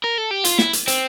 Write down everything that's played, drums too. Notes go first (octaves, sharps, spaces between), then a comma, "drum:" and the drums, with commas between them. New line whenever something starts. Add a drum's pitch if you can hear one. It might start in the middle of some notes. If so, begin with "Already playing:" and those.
A#4
A4
G4
F4, drum: hi-hat
E4, drum: snare
drum: hi-hat
C4, drum: hi-hat